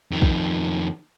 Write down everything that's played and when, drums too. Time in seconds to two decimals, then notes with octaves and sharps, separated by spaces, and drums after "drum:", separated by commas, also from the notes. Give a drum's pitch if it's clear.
0.12 F2 D#3
0.22 drum: kick